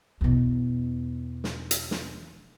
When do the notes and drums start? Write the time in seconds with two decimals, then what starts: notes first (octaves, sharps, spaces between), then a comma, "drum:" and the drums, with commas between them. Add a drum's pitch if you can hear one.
0.21 E2 B2
1.44 drum: snare
1.71 drum: hi-hat
1.91 drum: snare